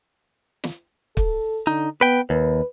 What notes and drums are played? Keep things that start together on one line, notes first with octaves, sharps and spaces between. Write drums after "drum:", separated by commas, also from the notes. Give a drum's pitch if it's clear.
drum: snare
A4, drum: kick
D3 D#4
B3 B4 G5
D#2 B4